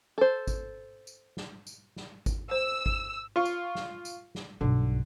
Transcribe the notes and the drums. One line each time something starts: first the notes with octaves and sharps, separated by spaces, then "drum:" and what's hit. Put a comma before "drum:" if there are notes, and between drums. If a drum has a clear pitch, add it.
A4 C5
drum: kick G#1, tambourine
drum: tambourine
drum: snare
drum: tambourine
drum: snare
drum: kick G#1, tambourine
C5 E6
drum: kick G#1
F4 C#6
drum: tambourine
drum: snare
drum: tambourine
drum: snare
B1 G2 D3